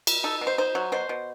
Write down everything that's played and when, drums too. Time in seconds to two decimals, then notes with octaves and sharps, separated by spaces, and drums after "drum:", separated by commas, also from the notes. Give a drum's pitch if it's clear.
0.07 drum: cymbal
0.24 D#4 A4
0.41 B2
0.47 C5
0.58 D#4 C5
0.75 F#3
0.92 B2 C5
1.09 B2